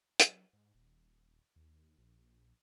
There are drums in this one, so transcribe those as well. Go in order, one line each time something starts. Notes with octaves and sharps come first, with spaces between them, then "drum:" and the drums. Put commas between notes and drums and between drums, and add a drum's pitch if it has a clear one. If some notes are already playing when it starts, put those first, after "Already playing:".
F#3, drum: hi-hat
G#2
D#1
D#2
A#1